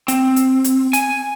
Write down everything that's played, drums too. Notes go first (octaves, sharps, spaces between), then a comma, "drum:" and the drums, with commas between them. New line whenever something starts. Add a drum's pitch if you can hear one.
C4, drum: hi-hat
drum: hi-hat
drum: hi-hat
G#5, drum: hi-hat